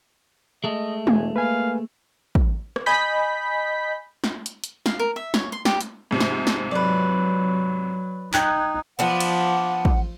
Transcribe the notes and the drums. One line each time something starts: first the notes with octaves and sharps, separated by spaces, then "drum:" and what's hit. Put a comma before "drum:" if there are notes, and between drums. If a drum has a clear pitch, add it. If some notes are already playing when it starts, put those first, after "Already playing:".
G#3 A3 D#5
E1 G#5, drum: tom G#3
A#3 B4 F5 G#5
drum: kick
drum: rim click
D#5 G#5 B5 G6 B6
drum: snare
drum: hi-hat
drum: hi-hat
F5, drum: snare
A#4
E5
C#5, drum: snare
C6
G4, drum: snare
drum: hi-hat
G#2 C3 F3
drum: snare
drum: snare
F#3 B4 D5
D#4 G5 F#6 G#6, drum: clap
F3 B3 D4 F#5
drum: cymbal
drum: kick